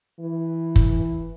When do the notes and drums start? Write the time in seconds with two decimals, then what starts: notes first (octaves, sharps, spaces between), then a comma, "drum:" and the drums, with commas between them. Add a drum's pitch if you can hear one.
0.20 E3
0.76 drum: kick